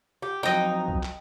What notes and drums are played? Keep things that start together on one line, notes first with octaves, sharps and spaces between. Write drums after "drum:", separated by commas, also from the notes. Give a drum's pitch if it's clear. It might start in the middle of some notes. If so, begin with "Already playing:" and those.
G4
F2 F#3 D#4 C5 D#5 G5
drum: kick C2
drum: clap